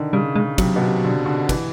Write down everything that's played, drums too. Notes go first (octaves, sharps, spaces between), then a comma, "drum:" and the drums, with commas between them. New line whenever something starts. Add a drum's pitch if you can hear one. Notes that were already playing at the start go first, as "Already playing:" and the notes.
Already playing: D3 D#3
C#3 G3
C#3 G#3
C3 F#3, drum: kick, cymbal
B2
C3
D3
D3
E3, drum: kick, cymbal